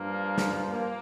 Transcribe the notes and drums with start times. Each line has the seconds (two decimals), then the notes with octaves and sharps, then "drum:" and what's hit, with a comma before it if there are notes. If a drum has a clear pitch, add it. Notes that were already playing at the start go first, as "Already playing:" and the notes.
Already playing: G2 F3 A#3
0.38 drum: snare
0.70 A#3